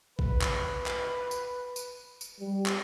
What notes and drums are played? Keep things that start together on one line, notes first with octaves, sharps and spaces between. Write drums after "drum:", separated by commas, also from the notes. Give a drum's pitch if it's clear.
B4, drum: kick A#1
drum: clap
drum: clap
drum: tambourine
drum: tambourine
drum: tambourine
G3
drum: clap